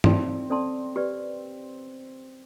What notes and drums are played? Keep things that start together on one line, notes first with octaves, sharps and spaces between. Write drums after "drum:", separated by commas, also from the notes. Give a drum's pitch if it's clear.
C4 A4 D5 A5 C6, drum: tom G2
C4 A4 D5 A5 C6
G4 B4 D5